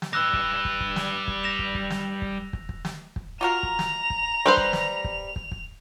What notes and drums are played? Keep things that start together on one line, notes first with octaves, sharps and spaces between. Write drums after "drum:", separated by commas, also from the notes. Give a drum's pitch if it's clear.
drum: snare
G3 B4 E6 F#6 A#6
drum: kick
drum: kick
drum: kick
drum: snare
drum: kick
A#6 E7 F7
drum: kick
drum: kick
drum: snare
drum: kick
drum: kick
drum: kick
drum: snare
drum: kick
F4 F#4 A#4 A#5 F7
drum: kick
drum: snare
drum: kick
G3 C4 B4 C5 C6
drum: kick
drum: snare
drum: kick
drum: kick
drum: kick